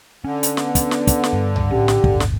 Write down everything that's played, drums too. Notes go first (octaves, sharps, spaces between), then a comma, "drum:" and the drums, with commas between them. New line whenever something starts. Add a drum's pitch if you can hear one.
D3 C#4
drum: hi-hat
B3, drum: snare
drum: kick, hi-hat
drum: snare
drum: kick, hi-hat
drum: snare
G2
drum: tom C2
A2 C#4 G4
drum: snare
D1 G1, drum: kick
drum: snare